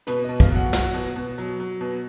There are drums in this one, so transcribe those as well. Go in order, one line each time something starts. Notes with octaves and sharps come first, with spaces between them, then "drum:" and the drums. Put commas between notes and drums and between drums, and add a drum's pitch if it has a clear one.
B2 B4, drum: hi-hat
B2 D#5
F5, drum: kick
F#3 F#5
F#3, drum: snare
B2
B2
F#3
F#3
B2